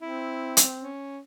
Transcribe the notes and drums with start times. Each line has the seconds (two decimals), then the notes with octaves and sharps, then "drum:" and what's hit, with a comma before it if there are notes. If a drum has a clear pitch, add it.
0.01 C4 E4
0.57 drum: hi-hat
0.80 C#4